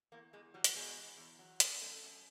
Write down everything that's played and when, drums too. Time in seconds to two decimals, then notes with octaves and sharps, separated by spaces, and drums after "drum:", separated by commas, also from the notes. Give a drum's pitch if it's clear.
0.12 E2 A#3
0.33 E2 G#3
0.54 F#3 G3
0.64 drum: hi-hat
0.76 B2 G#3
0.96 E2
1.17 E2
1.39 F#3
1.60 B2, drum: hi-hat
1.81 F#2 A3
2.03 F#2